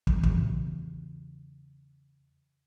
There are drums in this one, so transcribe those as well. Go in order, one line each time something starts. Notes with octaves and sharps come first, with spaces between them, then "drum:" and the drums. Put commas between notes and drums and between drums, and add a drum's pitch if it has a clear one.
drum: kick
E2 C#3 F#3, drum: kick